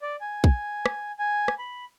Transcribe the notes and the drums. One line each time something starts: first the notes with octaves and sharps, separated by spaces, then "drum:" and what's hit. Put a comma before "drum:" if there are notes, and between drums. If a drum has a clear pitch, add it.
D5
G#5
drum: kick
drum: rim click
G#5
drum: rim click
B5